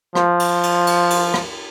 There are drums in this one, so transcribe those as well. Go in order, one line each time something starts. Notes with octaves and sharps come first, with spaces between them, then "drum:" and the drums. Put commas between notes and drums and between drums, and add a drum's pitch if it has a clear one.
F3, drum: rim click
drum: cymbal
drum: cymbal
drum: cymbal
drum: cymbal
drum: rim click